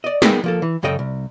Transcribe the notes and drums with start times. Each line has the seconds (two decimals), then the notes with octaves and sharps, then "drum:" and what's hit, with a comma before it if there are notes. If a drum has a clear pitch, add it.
0.04 D5 D#5
0.22 B3 D#4 G#4 A#4 G5, drum: snare
0.44 F3 A#3 A4
0.62 E3
0.83 F#2 C#3 A4 D#5 G5
0.99 C2